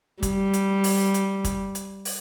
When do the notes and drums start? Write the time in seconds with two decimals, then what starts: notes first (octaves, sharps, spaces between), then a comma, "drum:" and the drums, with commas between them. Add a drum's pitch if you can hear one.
0.23 G3, drum: kick, hi-hat
0.53 drum: hi-hat
0.84 drum: open hi-hat
1.14 drum: hi-hat
1.44 drum: kick, hi-hat
1.75 drum: hi-hat
2.05 drum: open hi-hat